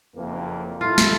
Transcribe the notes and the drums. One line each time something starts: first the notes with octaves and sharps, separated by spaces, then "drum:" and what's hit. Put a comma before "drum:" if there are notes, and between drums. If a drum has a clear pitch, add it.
F#1 F2 A#3
E4 F4 A4
drum: snare